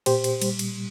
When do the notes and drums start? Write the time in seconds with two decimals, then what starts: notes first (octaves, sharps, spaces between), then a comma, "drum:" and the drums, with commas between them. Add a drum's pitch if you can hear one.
0.06 A#2 G4 C5, drum: cymbal
0.24 drum: cymbal
0.42 G3, drum: cymbal
0.59 drum: cymbal